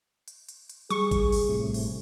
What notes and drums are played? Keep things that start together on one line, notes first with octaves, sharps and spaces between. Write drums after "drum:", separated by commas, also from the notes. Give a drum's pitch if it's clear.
drum: hi-hat
drum: hi-hat
drum: hi-hat
G3 G#4 C#6, drum: hi-hat
drum: kick G#1, hi-hat
drum: open hi-hat
A2 C3
drum: open hi-hat